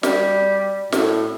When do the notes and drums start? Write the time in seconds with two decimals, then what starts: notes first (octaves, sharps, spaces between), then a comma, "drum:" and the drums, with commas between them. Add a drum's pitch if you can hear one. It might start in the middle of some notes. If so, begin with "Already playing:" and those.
0.03 G3, drum: snare
0.92 A2, drum: snare